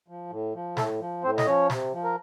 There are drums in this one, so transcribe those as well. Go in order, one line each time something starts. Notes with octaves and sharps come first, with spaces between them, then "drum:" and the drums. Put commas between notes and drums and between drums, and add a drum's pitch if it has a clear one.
F3
A2
F3
A2 A3 A4, drum: snare
F3
A2 C4 C5
D#5, drum: snare
F3 C#4 C#5
C3, drum: snare
F3
A#4